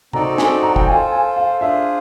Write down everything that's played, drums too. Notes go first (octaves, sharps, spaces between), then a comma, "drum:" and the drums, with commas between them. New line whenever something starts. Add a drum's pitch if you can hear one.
C4 D#4 F#4 A4 D5 A#5, drum: tom C3
G#5, drum: snare
A#5
G5, drum: kick
F4 A4 C5 G#5
G#5
F5
D4 F4 G#4 C5 E5